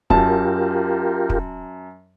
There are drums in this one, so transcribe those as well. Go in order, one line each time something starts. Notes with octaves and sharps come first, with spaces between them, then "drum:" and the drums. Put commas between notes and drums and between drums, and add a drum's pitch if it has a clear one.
F#2 F4 G4 A#4 A5, drum: kick
drum: kick